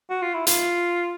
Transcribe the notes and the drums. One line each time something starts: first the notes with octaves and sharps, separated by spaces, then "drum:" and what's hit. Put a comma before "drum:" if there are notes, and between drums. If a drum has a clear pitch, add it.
F#4
F4
E4
F4, drum: hi-hat